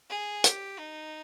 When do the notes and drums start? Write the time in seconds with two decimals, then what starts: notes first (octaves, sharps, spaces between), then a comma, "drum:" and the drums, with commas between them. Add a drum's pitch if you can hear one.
0.10 G#4
0.44 G4, drum: hi-hat
0.79 D#4